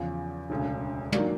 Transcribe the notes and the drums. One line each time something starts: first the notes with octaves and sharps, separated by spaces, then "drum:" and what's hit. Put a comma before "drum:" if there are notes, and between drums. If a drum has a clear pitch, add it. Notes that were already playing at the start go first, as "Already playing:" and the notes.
Already playing: E2 C#3 F3
E1 D2 C#3
D#3 F#3 A#3 D4, drum: tom